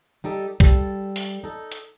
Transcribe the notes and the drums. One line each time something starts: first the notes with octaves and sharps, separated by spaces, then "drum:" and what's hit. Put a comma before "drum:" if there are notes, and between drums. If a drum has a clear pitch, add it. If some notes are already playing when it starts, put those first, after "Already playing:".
G3 D#4 G4 A4
G3 A4, drum: kick, hi-hat
drum: open hi-hat
D#4 A4
drum: hi-hat